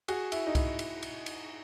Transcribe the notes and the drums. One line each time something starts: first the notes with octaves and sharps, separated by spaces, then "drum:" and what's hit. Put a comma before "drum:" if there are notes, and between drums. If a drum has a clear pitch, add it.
F#4 G#4, drum: cymbal
E4, drum: cymbal
D#4
E4, drum: kick C2, cymbal
drum: cymbal
drum: cymbal
drum: cymbal